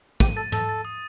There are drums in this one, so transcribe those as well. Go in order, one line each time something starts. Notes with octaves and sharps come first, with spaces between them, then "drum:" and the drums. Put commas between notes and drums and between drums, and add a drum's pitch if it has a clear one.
G4 D#7, drum: kick
A4 A6
A4 A6, drum: tom
A6
D#6